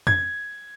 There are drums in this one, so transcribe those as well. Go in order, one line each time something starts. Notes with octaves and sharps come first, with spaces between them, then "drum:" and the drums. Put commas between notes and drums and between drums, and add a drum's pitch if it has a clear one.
G#6, drum: tom F2